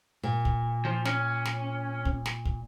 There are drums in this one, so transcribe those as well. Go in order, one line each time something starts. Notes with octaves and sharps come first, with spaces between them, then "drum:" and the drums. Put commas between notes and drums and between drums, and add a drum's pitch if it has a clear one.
A#2
drum: kick
F3
C#4, drum: snare
drum: snare
drum: kick
drum: snare
drum: kick